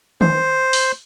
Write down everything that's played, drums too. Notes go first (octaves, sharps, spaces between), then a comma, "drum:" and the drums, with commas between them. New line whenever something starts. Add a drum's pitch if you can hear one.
C5, drum: tom D#3
drum: open hi-hat